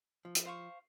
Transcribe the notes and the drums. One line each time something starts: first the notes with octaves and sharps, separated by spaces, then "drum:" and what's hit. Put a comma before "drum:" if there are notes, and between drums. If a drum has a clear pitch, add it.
F3
drum: hi-hat
C5 F5 C#6